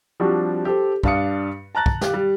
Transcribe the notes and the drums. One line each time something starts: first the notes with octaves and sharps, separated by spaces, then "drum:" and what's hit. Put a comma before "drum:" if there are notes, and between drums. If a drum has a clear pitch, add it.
F3 G3 C4 D4 F#4 G4
G4 A4 C5
G2 D4 F5 D#6 C#7, drum: kick
A5 A#5 F#6 A6
drum: kick
G4 F5, drum: snare
G3